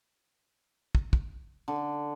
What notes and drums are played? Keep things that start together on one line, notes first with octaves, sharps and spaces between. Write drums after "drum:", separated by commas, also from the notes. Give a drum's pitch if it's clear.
drum: kick
drum: kick
D3